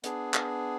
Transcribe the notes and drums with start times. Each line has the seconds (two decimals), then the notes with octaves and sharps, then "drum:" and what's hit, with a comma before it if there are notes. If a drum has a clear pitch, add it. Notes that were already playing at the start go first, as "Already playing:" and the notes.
0.04 B3 D4 G#4, drum: hi-hat
0.34 drum: clap